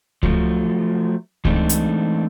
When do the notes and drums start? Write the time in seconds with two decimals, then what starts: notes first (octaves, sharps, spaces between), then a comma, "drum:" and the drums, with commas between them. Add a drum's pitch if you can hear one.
0.23 F3 F#3 A3, drum: kick C#2
1.45 E3 G#3 A3 C4 D4 D#4, drum: kick C#2
1.69 drum: hi-hat